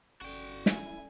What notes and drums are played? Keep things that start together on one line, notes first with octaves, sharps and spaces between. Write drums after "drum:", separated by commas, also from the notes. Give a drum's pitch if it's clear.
G1 C#4 F#4 A4 D5 G5
E4 G#5, drum: snare